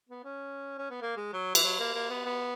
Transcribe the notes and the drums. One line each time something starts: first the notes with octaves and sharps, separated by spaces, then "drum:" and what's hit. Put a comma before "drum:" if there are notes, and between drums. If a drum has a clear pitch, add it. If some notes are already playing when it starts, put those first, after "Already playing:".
B3
C#4
C#4
B3
A#3
G#3
F#3
E3, drum: cymbal
F#3
A#3
A#3
B3
B3